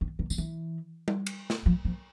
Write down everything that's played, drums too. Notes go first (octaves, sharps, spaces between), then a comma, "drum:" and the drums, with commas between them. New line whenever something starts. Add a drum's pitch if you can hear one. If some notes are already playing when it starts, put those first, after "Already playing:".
D#3
D#3
D#3, drum: tambourine
E3
drum: tom G3
drum: cymbal
drum: snare
F3
F3